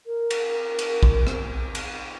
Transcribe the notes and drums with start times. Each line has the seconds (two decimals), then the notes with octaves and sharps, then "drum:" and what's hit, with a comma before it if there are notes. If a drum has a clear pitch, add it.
0.07 A#4
0.30 drum: cymbal
0.79 drum: cymbal
1.03 drum: kick
1.27 drum: rim click
1.75 drum: cymbal